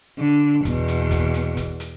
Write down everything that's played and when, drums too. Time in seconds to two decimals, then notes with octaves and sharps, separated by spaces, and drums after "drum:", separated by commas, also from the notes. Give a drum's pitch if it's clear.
0.19 D3
0.65 E2 B2, drum: kick, hi-hat
0.88 drum: hi-hat
1.11 drum: kick, hi-hat
1.34 drum: hi-hat
1.57 drum: kick, hi-hat
1.80 drum: hi-hat